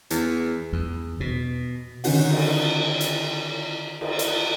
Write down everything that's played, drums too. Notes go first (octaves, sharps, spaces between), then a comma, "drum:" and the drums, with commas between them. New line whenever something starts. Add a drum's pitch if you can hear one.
E2, drum: hi-hat
E2
B2
D3 D#3 C#4 D#4 F#4 F#5, drum: open hi-hat
drum: cymbal
drum: hi-hat
drum: cymbal
drum: hi-hat